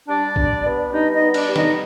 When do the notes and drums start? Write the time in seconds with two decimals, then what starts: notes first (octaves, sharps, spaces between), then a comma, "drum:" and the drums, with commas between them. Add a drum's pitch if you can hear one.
0.08 G3 D4 D5
0.36 D4, drum: kick
0.65 B3
0.92 G3 D#4 D#5
1.14 D#4 D#5
1.20 B3
1.34 D4 D5, drum: cymbal
1.49 G3
1.56 D#4 D#5, drum: snare